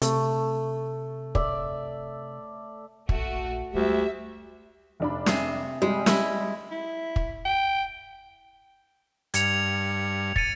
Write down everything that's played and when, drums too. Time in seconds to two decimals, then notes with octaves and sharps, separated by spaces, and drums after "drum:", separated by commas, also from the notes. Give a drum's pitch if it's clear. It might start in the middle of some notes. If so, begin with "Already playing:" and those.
0.02 C3 A3, drum: hi-hat
1.35 D5 E5, drum: kick
3.09 A#1 A3 F#4, drum: kick
3.74 D2 G3 G#3 G4 E5
5.00 F1 D4 B5
5.26 C3 G#4, drum: snare
5.82 G3 G#3
6.06 E4 D#5 B5, drum: snare
6.71 E4
7.16 drum: kick
7.45 G5
9.34 G2 G#6 C#7 F7, drum: hi-hat
10.36 A6 C#7 D#7, drum: kick